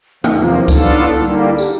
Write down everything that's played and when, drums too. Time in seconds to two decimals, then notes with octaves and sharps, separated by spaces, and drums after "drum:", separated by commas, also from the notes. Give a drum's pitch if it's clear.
0.24 E2 C3 F3 A#3 D#4, drum: tom
0.42 F4
0.55 E4
0.68 F#3 B3 D4 D#4 F4 A4, drum: kick C#2, tambourine
0.84 D#4
0.99 E4
1.14 D3 G3 A#3 E4
1.28 D#4
1.43 E4
1.58 G4, drum: tambourine